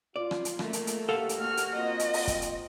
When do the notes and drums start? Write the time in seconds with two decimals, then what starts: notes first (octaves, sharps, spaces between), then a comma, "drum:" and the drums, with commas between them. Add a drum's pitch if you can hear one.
0.16 F4 D5
0.31 drum: rim click
0.45 drum: hi-hat
0.59 A3 A#3, drum: rim click
0.73 drum: hi-hat
0.87 drum: hi-hat
1.09 D2 A#2 G4 A4 F5 F#5
1.29 drum: hi-hat
1.40 A#3 F#4 F6
1.57 drum: hi-hat
1.75 C4 F4 D#5
1.99 drum: hi-hat
2.13 drum: open hi-hat
2.28 drum: kick, hi-hat
2.42 drum: hi-hat